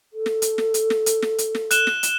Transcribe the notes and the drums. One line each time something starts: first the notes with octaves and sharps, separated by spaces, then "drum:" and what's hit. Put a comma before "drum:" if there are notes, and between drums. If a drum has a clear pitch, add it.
A4
drum: snare
drum: hi-hat
drum: snare
drum: hi-hat
drum: snare
drum: hi-hat
drum: snare
drum: hi-hat
drum: snare
F#6 E7 G7, drum: hi-hat
drum: snare
drum: hi-hat